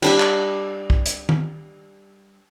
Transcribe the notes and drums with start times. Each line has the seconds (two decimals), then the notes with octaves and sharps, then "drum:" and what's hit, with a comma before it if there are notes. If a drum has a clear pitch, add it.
0.02 G3 D4 G4, drum: cymbal
0.20 drum: clap
0.90 drum: kick
1.06 drum: hi-hat
1.29 drum: tom D#3